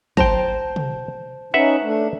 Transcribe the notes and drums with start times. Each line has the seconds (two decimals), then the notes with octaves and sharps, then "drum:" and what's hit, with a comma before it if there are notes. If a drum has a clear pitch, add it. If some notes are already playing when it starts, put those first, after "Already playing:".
0.17 C5 G5 A5 A#5, drum: kick
0.76 drum: tom
1.54 C#4 D#4 B4 E5 F#5
1.82 A3 D4